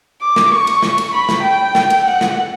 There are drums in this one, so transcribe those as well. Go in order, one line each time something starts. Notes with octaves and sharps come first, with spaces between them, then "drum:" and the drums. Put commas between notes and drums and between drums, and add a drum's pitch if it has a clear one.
D6
drum: snare
C#6
drum: cymbal
drum: snare
drum: cymbal
B5
drum: snare
G5
drum: snare
drum: cymbal
F#5
drum: snare